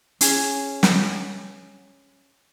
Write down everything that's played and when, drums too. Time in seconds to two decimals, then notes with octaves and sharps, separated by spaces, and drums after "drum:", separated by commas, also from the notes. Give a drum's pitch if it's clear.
0.21 C#4 G#4, drum: hi-hat
0.83 drum: snare